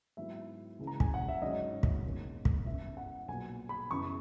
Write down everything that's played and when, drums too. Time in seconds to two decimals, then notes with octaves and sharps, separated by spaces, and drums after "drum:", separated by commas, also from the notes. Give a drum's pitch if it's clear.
0.17 G#2 F#3 B3 E4 E5
0.79 C#2 C#3 E3 G#3
0.87 A#5
1.00 G#5, drum: kick
1.14 F#5
1.28 E5
1.42 G#2 F#3 C#4 D#5
1.83 drum: kick
2.04 E1 E2 D#3 A#3 C#4
2.45 drum: kick
2.66 F#2 E3 B3 E4 E5
2.97 F#5
3.28 B1 A#2 F#3 B3 G#5
3.69 B5
3.91 F#1 F#2 E3 B3 C#6